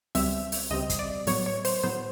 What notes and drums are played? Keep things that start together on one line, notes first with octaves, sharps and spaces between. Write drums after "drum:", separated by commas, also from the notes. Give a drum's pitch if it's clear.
C#2 B2 G3 C4 E5, drum: open hi-hat
drum: open hi-hat
C#2 B2 G3 C4 D#5
drum: kick, hi-hat
D5
A2 F#3 B3 C#5, drum: open hi-hat
C#5
C5, drum: open hi-hat
A2 F#3 B3 C5